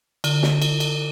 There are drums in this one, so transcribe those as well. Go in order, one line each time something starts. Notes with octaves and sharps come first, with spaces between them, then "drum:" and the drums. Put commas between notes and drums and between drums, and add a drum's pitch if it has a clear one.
D3, drum: cymbal
drum: snare
drum: cymbal
drum: cymbal